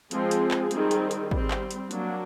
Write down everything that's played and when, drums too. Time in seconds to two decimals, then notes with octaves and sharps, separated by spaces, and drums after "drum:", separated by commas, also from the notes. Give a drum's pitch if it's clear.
0.11 F3 G#3 C4 G#4, drum: hi-hat
0.31 drum: hi-hat
0.51 drum: clap
0.71 D#3 G3 C4, drum: hi-hat
0.91 drum: hi-hat
1.11 drum: hi-hat
1.31 G3 C4, drum: kick
1.51 drum: clap
1.71 drum: hi-hat
1.91 F#3 A#3 D4 F#4, drum: hi-hat